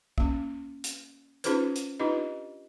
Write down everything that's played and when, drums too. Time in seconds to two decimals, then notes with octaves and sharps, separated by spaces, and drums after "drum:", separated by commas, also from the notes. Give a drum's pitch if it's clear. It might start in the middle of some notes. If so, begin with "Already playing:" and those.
0.18 A#3 C#4, drum: kick
0.84 drum: hi-hat
1.44 C#4 D#4 F4 G#4 B4 C5, drum: hi-hat
1.76 drum: hi-hat
1.99 D4 D#4 F4 G4 B4 D#5